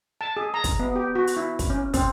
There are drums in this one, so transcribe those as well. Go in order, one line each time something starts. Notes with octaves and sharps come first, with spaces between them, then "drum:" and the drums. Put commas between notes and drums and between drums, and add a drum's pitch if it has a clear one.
A5
G#4
A#5
drum: kick, hi-hat
B3
G4
F#4
drum: hi-hat
E4
drum: kick, hi-hat
C#4
C4, drum: kick, hi-hat